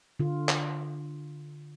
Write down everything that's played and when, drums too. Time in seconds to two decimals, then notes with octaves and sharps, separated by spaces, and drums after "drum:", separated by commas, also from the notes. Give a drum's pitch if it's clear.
0.20 D3 F4
0.49 drum: clap